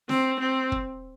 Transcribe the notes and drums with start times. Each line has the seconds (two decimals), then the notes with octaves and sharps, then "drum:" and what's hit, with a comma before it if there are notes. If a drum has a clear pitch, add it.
0.09 C4, drum: snare
0.39 C4
0.72 drum: kick